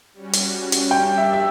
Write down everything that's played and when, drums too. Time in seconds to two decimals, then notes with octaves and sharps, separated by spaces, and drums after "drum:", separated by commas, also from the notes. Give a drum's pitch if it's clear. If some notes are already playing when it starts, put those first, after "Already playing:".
0.14 G3 C#4 F#4
0.33 drum: hi-hat
0.72 drum: hi-hat
0.91 G3 D4 G4 G5
1.18 E5
1.33 E5